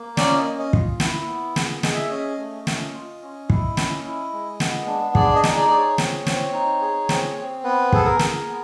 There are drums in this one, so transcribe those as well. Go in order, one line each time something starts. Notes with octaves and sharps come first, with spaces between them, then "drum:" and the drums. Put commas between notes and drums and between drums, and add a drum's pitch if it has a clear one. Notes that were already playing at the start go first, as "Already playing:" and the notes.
Already playing: A#3
C#4 D5, drum: snare
D#5
C#4
D#5
F4, drum: kick
E4, drum: snare
B3
G#4, drum: snare
G#4 D#5, drum: snare
E5
C#4 D#5
A3
C#4, drum: snare
F4
C#4
E4, drum: kick
C#4, drum: snare
E4
G#3
B3, drum: snare
D4
G#4 D5, drum: kick
D#5
D#4, drum: snare
D5
G#4 D5
C#5
C4, drum: snare
C4, drum: snare
D#4
G#4
C4, drum: snare
C4
B3 B4
G#4 A4, drum: kick
A#4
G#4, drum: snare
B3